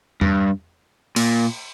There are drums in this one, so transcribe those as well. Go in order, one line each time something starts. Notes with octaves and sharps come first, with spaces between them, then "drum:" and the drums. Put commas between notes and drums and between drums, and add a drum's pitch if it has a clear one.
G2, drum: tom E2
A#2, drum: cymbal